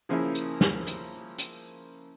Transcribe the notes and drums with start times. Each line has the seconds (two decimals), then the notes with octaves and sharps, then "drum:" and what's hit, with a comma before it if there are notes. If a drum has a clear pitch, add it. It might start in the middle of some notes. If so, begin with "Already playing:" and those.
0.09 C#3 F3 A#3 C#4 E4 G#4
0.35 drum: hi-hat
0.61 drum: snare
0.87 drum: hi-hat
1.38 drum: hi-hat